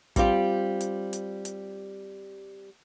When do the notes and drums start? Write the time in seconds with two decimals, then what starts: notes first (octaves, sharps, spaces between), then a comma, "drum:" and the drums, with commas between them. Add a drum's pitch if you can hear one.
0.16 G3 C4 F4 G4, drum: kick, hi-hat
0.81 drum: hi-hat
1.13 drum: hi-hat
1.45 drum: hi-hat